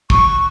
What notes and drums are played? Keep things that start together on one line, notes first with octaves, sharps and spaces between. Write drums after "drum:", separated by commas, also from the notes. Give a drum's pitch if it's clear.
C#6, drum: kick